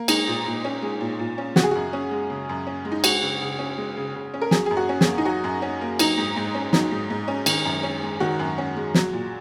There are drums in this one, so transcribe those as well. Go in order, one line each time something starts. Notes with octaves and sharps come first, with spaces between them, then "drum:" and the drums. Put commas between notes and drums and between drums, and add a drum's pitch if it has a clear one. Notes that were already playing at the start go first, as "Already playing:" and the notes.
Already playing: A#3
G#3 D#4, drum: cymbal
A#2
A#2
C#4
G#3
A#2
A#2
C#4
C#3 F#4, drum: snare
G#4
F#2 F#4
C#4
G#3
C#3
F#2
C#4
G#3
D#4
G#3 F#4, drum: cymbal
C#3
C#3
C#4
G#3
C#3
C#3
C#4
A#4
F#3 G#4, drum: snare
G#4
F#2
F#4
C#4
G#4, drum: snare
A#3
D#4
F#3 F#4
F#2
C#4
A#3
F#3 D#4, drum: cymbal
G#2
G#2
C#4
F#3 D#4, drum: snare
G#2
G#2
C#4
D#3, drum: cymbal
F#2
C#4
G#3
D#3 F#4
F#2
C#4
G#3
F#3, drum: snare
A#2